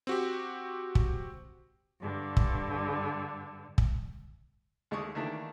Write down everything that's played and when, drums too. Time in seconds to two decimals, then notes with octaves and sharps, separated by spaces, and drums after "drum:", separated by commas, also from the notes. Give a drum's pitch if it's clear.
0.07 C4 F#4 G4
0.95 drum: kick
2.00 G2 D3
2.37 drum: kick
3.78 drum: kick
4.91 D#2 G#3 A3 C#6 D#6
5.15 D#3 E3 A3 A#3 D4